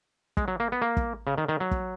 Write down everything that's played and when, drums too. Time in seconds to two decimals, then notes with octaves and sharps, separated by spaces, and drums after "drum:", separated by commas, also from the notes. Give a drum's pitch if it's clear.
0.37 G#3, drum: kick
0.48 F#3
0.60 A#3
0.72 B3
0.82 A#3
0.97 drum: kick
1.27 C#3
1.38 D#3
1.48 D#3
1.60 F#3
1.71 drum: kick